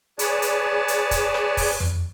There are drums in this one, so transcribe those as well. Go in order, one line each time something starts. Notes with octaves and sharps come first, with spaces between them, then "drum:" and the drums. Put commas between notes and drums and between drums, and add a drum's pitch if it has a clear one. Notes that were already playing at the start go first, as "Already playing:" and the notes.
G#4 B4 C#5 D5 A5, drum: hi-hat
drum: hi-hat
drum: hi-hat
drum: kick, hi-hat
drum: rim click
drum: kick, open hi-hat
drum: tom F2